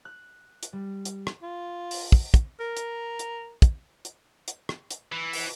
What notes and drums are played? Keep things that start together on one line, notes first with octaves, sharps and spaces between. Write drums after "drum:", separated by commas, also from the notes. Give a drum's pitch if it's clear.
F#6
drum: hi-hat
G3
drum: hi-hat
drum: rim click
F4
drum: open hi-hat
drum: kick
drum: kick, hi-hat
A#4
drum: hi-hat
drum: hi-hat
drum: kick, hi-hat
drum: hi-hat
drum: hi-hat
drum: rim click
drum: hi-hat
E3
drum: open hi-hat